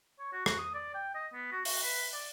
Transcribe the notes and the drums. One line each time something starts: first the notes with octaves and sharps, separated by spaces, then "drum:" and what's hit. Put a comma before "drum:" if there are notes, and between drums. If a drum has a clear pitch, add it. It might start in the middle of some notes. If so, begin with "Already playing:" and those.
C#5
F#4
F#4, drum: rim click
D#6
D5
G5
D#5
B3
F#4
F#4, drum: open hi-hat
B4
D5